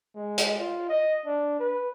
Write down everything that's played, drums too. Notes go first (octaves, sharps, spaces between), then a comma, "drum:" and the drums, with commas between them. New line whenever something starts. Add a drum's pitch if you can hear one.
G#3
drum: hi-hat
F4
D#5
D4
B4